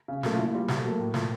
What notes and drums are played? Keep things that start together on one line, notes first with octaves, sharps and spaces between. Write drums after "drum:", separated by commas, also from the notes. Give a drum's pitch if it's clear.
C#3
F#3 A3, drum: snare
F4
A#2 E4
G3 F4
A#2 F#4, drum: snare
A4
F#3 A3 A#4
A2
F3 A3, drum: snare